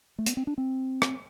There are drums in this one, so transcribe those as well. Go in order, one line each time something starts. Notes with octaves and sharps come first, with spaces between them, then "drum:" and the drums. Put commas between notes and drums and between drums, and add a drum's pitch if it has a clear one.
A3
B3, drum: hi-hat
C4
D4
C4
drum: rim click